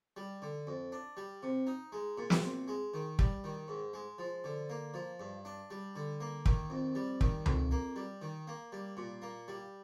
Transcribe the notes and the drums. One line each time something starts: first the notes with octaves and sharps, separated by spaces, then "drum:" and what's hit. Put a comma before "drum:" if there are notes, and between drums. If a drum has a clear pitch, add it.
G3
D3
F2
D4
G3
C3
D#4
G#3
A#2
drum: snare
C4
G#3
D#3
G3, drum: kick
D#3
G#2
G#3
F3
D3
A#3
F3
G2
D4
G3
D3
A#3
D#3, drum: kick
F2
G3
D#3, drum: kick
F2, drum: tom C#2
A#3
G3
D#3
A#3
G3
A#2
A#3
G3